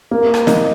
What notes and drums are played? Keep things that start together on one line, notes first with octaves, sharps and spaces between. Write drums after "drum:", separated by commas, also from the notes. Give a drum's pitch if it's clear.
A#3
drum: rim click
D#4, drum: snare